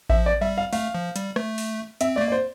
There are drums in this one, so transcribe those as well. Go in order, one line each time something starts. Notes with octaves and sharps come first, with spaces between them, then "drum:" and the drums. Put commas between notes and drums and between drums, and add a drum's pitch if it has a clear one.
F3 E5, drum: kick A1
D5
G3 E5
F5
A3 F5, drum: open hi-hat
F3
G3, drum: hi-hat
A3, drum: rim click
drum: open hi-hat
C4 E5, drum: hi-hat
A3 D5
A#3
D5
C5